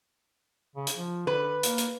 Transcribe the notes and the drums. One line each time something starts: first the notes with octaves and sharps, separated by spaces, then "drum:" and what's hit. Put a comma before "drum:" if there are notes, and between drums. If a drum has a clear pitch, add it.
C#3
drum: hi-hat
F3
D3 B4
A#3, drum: hi-hat
drum: hi-hat